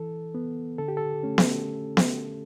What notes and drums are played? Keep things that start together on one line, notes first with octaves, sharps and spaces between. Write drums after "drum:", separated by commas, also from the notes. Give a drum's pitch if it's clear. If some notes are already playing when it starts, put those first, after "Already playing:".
Already playing: E3 A4
B3
D3 A4
G4
A4
A3 C#4
drum: snare B3
drum: snare B3